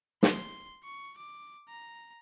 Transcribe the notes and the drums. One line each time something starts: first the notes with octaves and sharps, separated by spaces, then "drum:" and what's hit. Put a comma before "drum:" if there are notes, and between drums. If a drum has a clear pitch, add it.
C6, drum: snare
C#6
D6
A#5